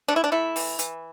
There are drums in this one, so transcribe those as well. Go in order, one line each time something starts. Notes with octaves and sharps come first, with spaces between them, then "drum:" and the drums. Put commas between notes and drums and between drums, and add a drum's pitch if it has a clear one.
A3 D4
E4
D4
A3 E4
E3, drum: open hi-hat
E3, drum: hi-hat